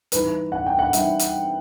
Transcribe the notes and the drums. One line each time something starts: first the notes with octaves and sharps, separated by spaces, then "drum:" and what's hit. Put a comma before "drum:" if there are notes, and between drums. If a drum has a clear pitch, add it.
E3 G3 D#4 B4, drum: hi-hat
F#5
G5
F#5
E3 G3 D#4 E5, drum: hi-hat
drum: hi-hat